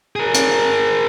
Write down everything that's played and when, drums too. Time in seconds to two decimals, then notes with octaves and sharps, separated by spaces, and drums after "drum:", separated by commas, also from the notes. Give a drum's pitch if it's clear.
0.16 G#4 A#4
0.34 drum: hi-hat